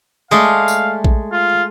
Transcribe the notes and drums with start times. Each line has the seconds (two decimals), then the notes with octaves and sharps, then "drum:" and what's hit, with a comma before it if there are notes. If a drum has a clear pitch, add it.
0.31 G#3 A3 G#4 D5 F5
0.68 drum: tambourine
1.04 drum: kick A#1
1.32 F4